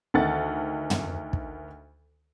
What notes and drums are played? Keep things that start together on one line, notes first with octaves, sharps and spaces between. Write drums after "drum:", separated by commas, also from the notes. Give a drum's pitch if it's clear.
D2 D#3 F#5 A6
drum: tom
drum: kick